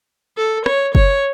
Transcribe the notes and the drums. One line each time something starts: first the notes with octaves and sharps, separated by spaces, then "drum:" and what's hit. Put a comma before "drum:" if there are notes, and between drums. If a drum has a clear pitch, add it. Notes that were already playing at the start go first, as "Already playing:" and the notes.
A4
C#5, drum: rim click
C#5, drum: kick F#1